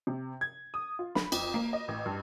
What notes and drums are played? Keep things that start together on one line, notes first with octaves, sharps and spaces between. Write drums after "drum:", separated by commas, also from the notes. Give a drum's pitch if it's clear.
C3
G#6
D#6
F4
B5, drum: snare
F2, drum: cymbal
A#3
D#5
A1
G2